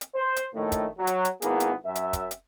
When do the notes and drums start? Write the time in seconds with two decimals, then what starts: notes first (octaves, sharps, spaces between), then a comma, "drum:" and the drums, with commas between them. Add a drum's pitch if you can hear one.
0.01 drum: hi-hat
0.15 C5
0.36 drum: hi-hat
0.54 A#1 A2 D#3 A3
0.72 drum: kick, hi-hat
0.98 F#3
1.07 drum: hi-hat
1.25 drum: hi-hat
1.42 G#1 A#3 B3 E4 G#4, drum: hi-hat
1.60 drum: hi-hat
1.85 F#2 E5
1.95 drum: hi-hat
2.13 drum: kick, hi-hat
2.31 drum: hi-hat